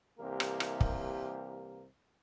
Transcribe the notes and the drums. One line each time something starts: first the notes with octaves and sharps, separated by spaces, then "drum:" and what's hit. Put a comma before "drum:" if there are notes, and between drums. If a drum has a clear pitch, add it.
C2 C3 E3 A#3 G4 A#4
drum: rim click
drum: rim click
drum: kick